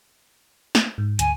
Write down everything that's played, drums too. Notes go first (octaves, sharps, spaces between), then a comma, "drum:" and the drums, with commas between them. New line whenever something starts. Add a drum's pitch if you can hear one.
drum: snare
G#2
D2 G#5, drum: hi-hat